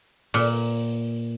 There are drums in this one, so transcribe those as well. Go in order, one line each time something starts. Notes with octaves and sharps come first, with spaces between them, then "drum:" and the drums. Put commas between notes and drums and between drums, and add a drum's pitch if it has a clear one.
A#2, drum: open hi-hat